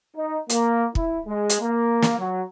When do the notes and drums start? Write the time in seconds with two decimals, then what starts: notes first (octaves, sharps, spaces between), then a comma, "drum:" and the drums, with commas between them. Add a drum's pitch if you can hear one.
0.15 D#4
0.50 A#3, drum: hi-hat
0.95 E4, drum: kick
1.26 G#3
1.50 drum: hi-hat
1.60 A#3
2.02 drum: snare
2.18 F#3